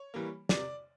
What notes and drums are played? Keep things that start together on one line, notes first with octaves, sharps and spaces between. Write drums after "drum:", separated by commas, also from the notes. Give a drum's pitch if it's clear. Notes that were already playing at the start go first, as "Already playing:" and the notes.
Already playing: C#5
E3 G3 A#3
C3 D5, drum: snare